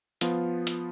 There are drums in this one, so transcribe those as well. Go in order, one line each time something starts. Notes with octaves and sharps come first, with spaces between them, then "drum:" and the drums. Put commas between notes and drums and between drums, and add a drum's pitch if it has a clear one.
F3 B3 F4, drum: hi-hat
drum: hi-hat